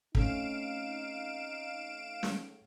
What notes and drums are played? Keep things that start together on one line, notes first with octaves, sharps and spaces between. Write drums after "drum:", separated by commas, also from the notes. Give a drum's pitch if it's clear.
A3 C4 C#4 D#4 F5 D7 E7, drum: kick
drum: snare